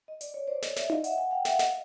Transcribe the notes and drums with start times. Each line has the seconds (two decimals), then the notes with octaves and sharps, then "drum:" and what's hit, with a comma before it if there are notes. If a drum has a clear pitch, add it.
0.08 D#5
0.21 D5, drum: hi-hat
0.34 C#5
0.47 C5 D5
0.62 C#5 D#5, drum: snare
0.76 D5 E5, drum: snare
0.90 D#5 F5, drum: tom D#4
1.04 E5 F#5, drum: hi-hat
1.18 F#5 G#5
1.31 F5 G5
1.45 E5 F#5, drum: snare
1.59 D#5 F5, drum: snare